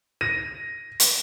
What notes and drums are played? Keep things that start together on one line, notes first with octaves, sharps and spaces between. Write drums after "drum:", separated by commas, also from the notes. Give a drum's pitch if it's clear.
A#6 D#7
drum: hi-hat